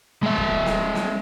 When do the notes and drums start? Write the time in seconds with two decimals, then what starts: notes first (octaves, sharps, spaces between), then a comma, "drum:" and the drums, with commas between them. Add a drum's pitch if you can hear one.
0.23 G#3 E5
0.37 drum: kick
0.66 drum: snare
0.95 drum: snare